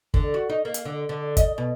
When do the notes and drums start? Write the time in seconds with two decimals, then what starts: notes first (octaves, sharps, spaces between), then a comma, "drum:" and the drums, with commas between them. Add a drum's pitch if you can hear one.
0.14 D3, drum: kick
0.34 F#4
0.50 D#4
0.65 A#3
0.74 drum: hi-hat
0.85 D3
1.09 D3
1.37 D#5, drum: kick, hi-hat
1.58 B2